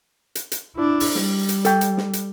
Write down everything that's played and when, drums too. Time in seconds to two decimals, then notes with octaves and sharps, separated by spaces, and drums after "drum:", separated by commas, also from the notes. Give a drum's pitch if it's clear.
0.35 drum: hi-hat
0.52 drum: hi-hat
0.75 D4 E4
1.00 drum: open hi-hat
1.15 G3, drum: snare
1.49 drum: hi-hat
1.65 A4 G5, drum: hi-hat
1.81 drum: hi-hat
1.97 drum: snare
2.13 drum: hi-hat